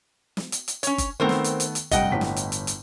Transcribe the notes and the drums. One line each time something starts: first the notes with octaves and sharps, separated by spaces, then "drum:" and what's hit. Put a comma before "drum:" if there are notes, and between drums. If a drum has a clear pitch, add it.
drum: snare
drum: hi-hat
drum: hi-hat
C#4 C#5, drum: hi-hat
drum: kick G1, hi-hat
D#3 A3 B3 C4 A#4 C5
drum: snare
drum: hi-hat
drum: hi-hat
drum: hi-hat
F1 G2 D#5 F#5 G5, drum: kick G1, hi-hat
G1 A2 B6
drum: snare
drum: hi-hat
drum: hi-hat
drum: hi-hat